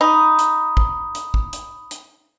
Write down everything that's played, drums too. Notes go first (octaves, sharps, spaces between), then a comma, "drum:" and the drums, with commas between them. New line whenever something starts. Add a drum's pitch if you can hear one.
D#4 B5 D#6
drum: hi-hat
drum: kick
drum: hi-hat
drum: kick
drum: hi-hat
drum: hi-hat